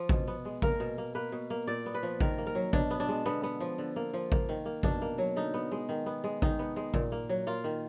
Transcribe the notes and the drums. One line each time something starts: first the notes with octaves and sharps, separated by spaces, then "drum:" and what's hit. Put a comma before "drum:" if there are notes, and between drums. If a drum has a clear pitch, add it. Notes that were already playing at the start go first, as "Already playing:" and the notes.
Already playing: F3
B2, drum: kick A1
B3
G#3
A#3 A#4, drum: kick A1
B2
A#3
A#3 B4
B2
A#3
A#2 D5
B3
B4
F3
D#3 A#4, drum: kick A1
A#3
A#4
F#3
B2 D4, drum: kick A1
B3
D4
G#3
D3 B3
B3
F3
D3
A#3
F3
A#3, drum: kick A1
D#3
A#3
B2 D4, drum: kick A1
A#3
F#3
D3 D#4
B3
G#3
D#3
B3
G#3
D#3 D#4, drum: kick A1
B3
G#3
A#2, drum: kick A1
A#3
F#3
A#3 F4
D#3